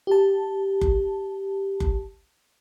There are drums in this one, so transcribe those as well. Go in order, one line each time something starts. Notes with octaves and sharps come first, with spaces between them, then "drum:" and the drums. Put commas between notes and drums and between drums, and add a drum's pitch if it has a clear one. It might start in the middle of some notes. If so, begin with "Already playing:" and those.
G4 A5
drum: kick F#1
drum: kick F#1